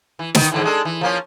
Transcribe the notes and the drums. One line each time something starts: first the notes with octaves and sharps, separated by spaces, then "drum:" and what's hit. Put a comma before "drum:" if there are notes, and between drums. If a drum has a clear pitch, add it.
E3
D#3 B3, drum: snare
G#2 D3 E3
G#3 D4 A4
E3
F3 A#3 C#4